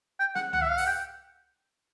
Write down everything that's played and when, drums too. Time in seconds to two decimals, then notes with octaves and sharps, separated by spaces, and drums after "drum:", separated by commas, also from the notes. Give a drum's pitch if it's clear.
0.19 G5
0.35 F#5, drum: snare
0.53 F#5, drum: tom C#2
0.61 E5
0.70 F5
0.78 F#5, drum: open hi-hat
0.86 G5